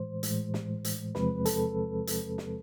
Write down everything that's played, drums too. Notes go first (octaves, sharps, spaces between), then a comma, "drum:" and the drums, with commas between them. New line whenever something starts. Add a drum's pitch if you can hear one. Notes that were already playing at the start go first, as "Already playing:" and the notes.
Already playing: A2 E3 G#3 C5
A2 E3 G#3, drum: hi-hat
drum: snare
drum: hi-hat
E2 C3 F3 G#3 C4 B4, drum: snare
A4, drum: hi-hat
drum: hi-hat
drum: snare